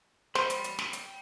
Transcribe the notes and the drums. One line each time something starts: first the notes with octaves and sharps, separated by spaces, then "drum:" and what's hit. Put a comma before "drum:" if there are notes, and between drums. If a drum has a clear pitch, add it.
C5 G5 B5, drum: snare
drum: hi-hat
drum: hi-hat
drum: snare
drum: hi-hat